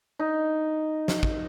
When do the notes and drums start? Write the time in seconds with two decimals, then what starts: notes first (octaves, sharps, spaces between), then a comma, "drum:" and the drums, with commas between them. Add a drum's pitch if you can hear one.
0.19 D#4
1.08 drum: snare
1.23 drum: kick